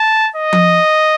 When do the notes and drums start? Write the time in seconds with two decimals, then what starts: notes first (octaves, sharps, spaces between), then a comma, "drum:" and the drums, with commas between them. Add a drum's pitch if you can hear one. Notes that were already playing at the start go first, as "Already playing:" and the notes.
Already playing: A5
0.36 D#5
0.53 drum: tom F3